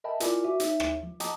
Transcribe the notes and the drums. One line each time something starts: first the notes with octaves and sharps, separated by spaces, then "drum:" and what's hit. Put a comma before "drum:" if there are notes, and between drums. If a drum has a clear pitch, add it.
A#4 D#5 E5 G5 A5 B5
E4 F4 A#4 D5 G#5 D6, drum: hi-hat
F#4 E5 D6
D#4 C#5 E5, drum: hi-hat
drum: rim click
F3
D#5 G5 A5 A#5 D6 D#6, drum: hi-hat